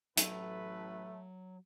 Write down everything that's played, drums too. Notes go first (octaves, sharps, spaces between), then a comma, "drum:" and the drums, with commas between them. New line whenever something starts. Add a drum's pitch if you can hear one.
A1 A2 F#3 A3 B4, drum: hi-hat